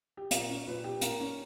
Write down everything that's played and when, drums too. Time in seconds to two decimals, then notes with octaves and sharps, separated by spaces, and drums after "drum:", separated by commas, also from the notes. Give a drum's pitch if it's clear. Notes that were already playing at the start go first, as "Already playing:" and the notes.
0.17 G4
0.31 A#2 A#4, drum: hi-hat
0.50 C#4
0.67 A#2 B4
0.84 A#2 G4
1.01 A#3 A#4, drum: hi-hat
1.20 C#4